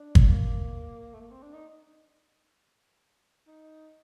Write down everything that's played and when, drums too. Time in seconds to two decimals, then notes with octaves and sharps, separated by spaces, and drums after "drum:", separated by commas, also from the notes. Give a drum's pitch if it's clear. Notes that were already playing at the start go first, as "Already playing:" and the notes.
Already playing: D4
0.15 drum: kick G1
0.28 A#3
1.13 A3
1.20 A#3
1.31 C4
1.42 D4
1.54 D#4
3.47 D#4